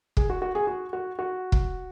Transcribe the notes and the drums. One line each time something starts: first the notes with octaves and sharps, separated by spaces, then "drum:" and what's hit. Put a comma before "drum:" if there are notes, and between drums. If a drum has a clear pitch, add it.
G#4, drum: kick
F#4
F#4
G#4
F#4
F#4
F#4
drum: kick